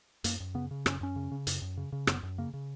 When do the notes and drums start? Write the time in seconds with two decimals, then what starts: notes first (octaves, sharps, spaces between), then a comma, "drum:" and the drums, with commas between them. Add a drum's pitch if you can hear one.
0.24 F#2 A#3, drum: hi-hat
0.40 F#2
0.55 C#3 B3
0.71 C#3
0.86 F#2 C#4, drum: rim click
1.01 F#2 C#4
1.16 C#3
1.31 C#3
1.47 F#2, drum: hi-hat
1.62 F#2
1.77 C#3
1.92 C#3
2.07 F#2 B3, drum: rim click
2.23 F#2
2.38 C#3 A#3
2.54 C#3